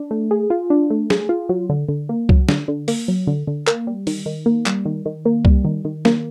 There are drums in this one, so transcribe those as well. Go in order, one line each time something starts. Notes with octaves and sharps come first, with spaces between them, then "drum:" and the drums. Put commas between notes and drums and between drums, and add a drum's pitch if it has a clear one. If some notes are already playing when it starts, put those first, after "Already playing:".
Already playing: D4
A3
G#4
F4
D4
A3
G#4, drum: snare
F4
F#3
D3
D3
A#3
F#3, drum: kick C2
D3, drum: snare
D3
A#3, drum: open hi-hat
F#3
D3
D3
A#3, drum: clap
G3
D#3, drum: open hi-hat
D#3
A#3
G3, drum: clap
D#3
D#3
A#3
G3, drum: kick C2
D#3
D#3
A#3, drum: snare